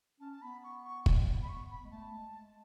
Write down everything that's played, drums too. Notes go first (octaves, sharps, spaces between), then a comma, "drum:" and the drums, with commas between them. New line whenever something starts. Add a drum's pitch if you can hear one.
C#4 A5
A5
B3 B5
C#6
C#6
drum: kick
B5
B3 C#6
B5
G#3
A3 A5
G#3
G#3